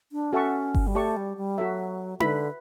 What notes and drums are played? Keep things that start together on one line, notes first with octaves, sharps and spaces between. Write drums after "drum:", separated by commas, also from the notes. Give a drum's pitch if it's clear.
D4
C#4 F#4 A4 E5 A5 C#6
drum: kick G1
G3
A3 G4 D5 A5 C#6
G3
G3
F#3 F#4 A4 E5
D3 B4 E5 B5, drum: tom D#4